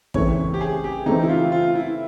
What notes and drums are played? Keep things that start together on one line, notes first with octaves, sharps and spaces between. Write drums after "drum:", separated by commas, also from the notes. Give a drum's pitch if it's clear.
C#3 E3 A3 C4 C#5, drum: kick
G4
G#4
G4
C#3 E3 A3 C4 D#4
E4
F4
F4
E4